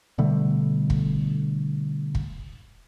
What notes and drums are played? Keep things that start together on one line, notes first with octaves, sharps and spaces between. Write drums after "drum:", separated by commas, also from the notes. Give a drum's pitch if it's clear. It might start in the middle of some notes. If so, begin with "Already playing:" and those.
B2 D3 G3 A3
drum: kick
drum: kick